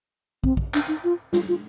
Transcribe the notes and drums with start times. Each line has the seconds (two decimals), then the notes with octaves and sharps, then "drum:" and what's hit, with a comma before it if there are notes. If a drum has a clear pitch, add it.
0.44 C4, drum: kick
0.57 drum: kick
0.74 D4, drum: clap
0.88 D#4
1.04 F4
1.33 F4, drum: snare
1.49 F4